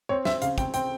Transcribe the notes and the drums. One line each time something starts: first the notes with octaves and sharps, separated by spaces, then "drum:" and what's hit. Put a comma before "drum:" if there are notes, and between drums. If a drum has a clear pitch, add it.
C4 C#5
C4 E5, drum: snare
C#3 F5, drum: hi-hat
C4 G5, drum: kick, hi-hat
C4 G5, drum: hi-hat